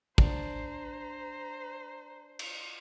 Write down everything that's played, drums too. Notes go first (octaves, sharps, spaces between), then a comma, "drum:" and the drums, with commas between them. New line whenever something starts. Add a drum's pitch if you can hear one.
D4 C5 A#5, drum: kick
drum: cymbal